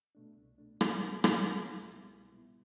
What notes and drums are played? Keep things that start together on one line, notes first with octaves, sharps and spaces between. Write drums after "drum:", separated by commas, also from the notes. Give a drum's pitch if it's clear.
B2 A3 D4
C2
B2 A3 D4
B2, drum: rim click
F#3 C4
B2, drum: rim click
F#3 C4
C2
B2 G3 B3 E4
C2
B2 G3 B3 E4